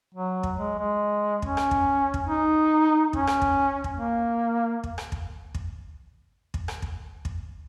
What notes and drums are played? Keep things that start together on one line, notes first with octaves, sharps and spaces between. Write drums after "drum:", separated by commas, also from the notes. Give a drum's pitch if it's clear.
F#3
drum: kick
G#3
G#3
C#4, drum: kick
drum: rim click
drum: kick
drum: kick
D#4
C#4, drum: kick
drum: rim click
drum: kick
drum: kick
A#3
drum: kick
drum: rim click
drum: kick
drum: kick
drum: kick
drum: rim click
drum: kick
drum: kick